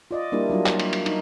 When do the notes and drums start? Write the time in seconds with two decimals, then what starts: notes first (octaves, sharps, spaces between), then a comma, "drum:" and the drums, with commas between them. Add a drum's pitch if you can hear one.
0.11 F4 D5 D#5
0.32 G3 A#3 D4 E4 G4
0.50 F#3 G3 D4 F4
0.66 drum: clap
0.80 drum: cymbal
0.93 drum: cymbal
1.06 D#4, drum: cymbal